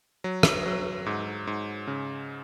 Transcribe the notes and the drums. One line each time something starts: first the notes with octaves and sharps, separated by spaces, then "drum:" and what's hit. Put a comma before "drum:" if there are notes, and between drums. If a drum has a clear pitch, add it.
F#3
drum: rim click
F#3
G#2
G#2
C#3